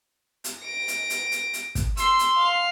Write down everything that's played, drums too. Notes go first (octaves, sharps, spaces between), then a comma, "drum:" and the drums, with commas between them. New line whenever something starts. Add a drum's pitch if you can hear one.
drum: hi-hat
A#6 D7
drum: hi-hat
drum: hi-hat
drum: hi-hat
drum: hi-hat
drum: kick, hi-hat
C6 E6, drum: hi-hat
drum: hi-hat
F5